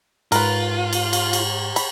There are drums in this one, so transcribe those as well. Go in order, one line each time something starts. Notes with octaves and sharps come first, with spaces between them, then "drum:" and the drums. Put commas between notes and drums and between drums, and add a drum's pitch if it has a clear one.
G#2 F4 A#4 B4, drum: cymbal
drum: cymbal
drum: cymbal
drum: cymbal
B5, drum: cymbal